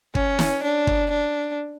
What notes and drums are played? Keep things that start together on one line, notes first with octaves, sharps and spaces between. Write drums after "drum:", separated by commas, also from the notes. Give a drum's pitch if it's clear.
C#4, drum: kick
drum: snare
D4
drum: kick
D4